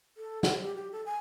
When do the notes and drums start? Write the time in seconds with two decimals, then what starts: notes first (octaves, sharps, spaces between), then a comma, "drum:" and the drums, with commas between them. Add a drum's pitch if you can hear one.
0.17 A4
0.43 F#5, drum: snare
0.62 G4
0.75 G4
0.92 A4
1.06 G#5